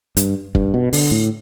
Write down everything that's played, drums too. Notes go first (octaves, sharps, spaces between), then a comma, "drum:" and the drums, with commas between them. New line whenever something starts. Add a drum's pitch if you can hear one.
G2, drum: hi-hat
G2, drum: kick
B2
D3, drum: open hi-hat
A2